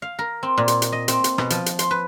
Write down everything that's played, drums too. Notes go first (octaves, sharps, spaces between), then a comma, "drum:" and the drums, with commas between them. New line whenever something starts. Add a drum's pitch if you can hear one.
F5
A#4
C4
A#2
drum: hi-hat
drum: hi-hat
D#5
C4, drum: hi-hat
drum: hi-hat
B2, drum: rim click
F3, drum: hi-hat
drum: hi-hat
C6, drum: hi-hat
B4